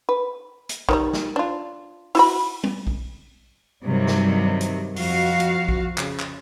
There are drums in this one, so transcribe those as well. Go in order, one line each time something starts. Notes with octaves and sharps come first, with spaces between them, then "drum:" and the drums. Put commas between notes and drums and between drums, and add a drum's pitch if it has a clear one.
B4
drum: hi-hat
D#3 F#3 G3, drum: kick A#1
drum: snare
D4 F4
E4 F#4 B5, drum: open hi-hat
drum: tom
drum: kick A#1
G2 C3 D#3 F#3 G3
drum: snare
drum: hi-hat
F2 F#4 F5, drum: open hi-hat
drum: hi-hat
drum: kick A#1
C#3, drum: clap
drum: clap